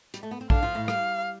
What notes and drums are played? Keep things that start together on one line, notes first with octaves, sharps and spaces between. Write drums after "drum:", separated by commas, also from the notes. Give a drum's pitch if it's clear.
G3, drum: hi-hat
A3
B3
C4
D3 D4 F5, drum: kick A#1
F3 F4
A2 A3
G3 F5, drum: rim click